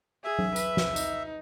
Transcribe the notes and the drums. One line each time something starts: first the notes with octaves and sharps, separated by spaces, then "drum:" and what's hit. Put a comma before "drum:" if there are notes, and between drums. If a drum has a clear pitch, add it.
G#4 E5
drum: tom F#3
B4, drum: tambourine
drum: snare
D#4, drum: tambourine